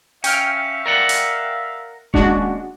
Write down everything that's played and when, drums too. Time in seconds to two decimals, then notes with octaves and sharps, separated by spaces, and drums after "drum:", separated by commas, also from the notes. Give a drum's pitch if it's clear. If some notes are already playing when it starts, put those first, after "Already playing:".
0.24 C#4 E5 F5 G5 F6, drum: hi-hat
0.86 A#4 D5 F#5
1.09 drum: hi-hat
2.14 D#2 G#3 C#4 D4 F#4, drum: kick D#1